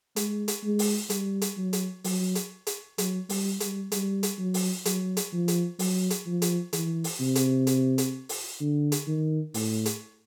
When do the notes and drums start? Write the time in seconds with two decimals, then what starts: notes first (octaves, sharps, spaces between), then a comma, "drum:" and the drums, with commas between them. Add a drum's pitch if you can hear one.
0.16 G#3, drum: hi-hat
0.48 drum: hi-hat
0.64 G#3
0.79 drum: open hi-hat
1.10 G3, drum: hi-hat
1.42 drum: hi-hat
1.57 F#3
1.73 drum: hi-hat
2.04 F#3, drum: open hi-hat
2.35 drum: hi-hat
2.67 drum: hi-hat
2.98 F#3, drum: hi-hat
3.29 G3, drum: open hi-hat
3.60 G3, drum: hi-hat
3.92 G3, drum: hi-hat
4.23 drum: hi-hat
4.39 F#3
4.54 drum: open hi-hat
4.85 F#3, drum: hi-hat
5.17 drum: hi-hat
5.33 F3
5.48 drum: hi-hat
5.79 F#3, drum: open hi-hat
6.10 drum: hi-hat
6.26 F3
6.42 drum: hi-hat
6.73 E3, drum: hi-hat
7.04 drum: open hi-hat
7.20 C3
7.35 drum: hi-hat
7.67 drum: hi-hat
7.98 drum: hi-hat
8.29 drum: open hi-hat
8.60 D3
8.92 drum: hi-hat
9.07 D#3
9.54 A2, drum: open hi-hat
9.85 drum: hi-hat